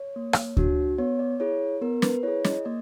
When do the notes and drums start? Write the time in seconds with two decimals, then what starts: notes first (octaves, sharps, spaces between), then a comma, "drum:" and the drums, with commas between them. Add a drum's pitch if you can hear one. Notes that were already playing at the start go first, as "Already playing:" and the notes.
Already playing: C#5
0.16 A#3
0.33 drum: rim click
0.57 D4 F#4, drum: kick D2
0.98 B3 C#5
1.19 D5
1.40 E4 G#4 C#5
1.81 B3 A#4
2.02 B4, drum: snare
2.23 E4 G#4 C#5
2.44 D#5, drum: snare
2.65 A#3 D5